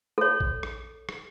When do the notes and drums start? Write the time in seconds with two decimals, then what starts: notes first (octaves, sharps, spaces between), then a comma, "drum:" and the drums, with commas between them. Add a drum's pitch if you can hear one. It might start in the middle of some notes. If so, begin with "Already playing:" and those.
0.18 A4 C#5
0.40 drum: kick A#1
0.63 drum: rim click
1.09 drum: rim click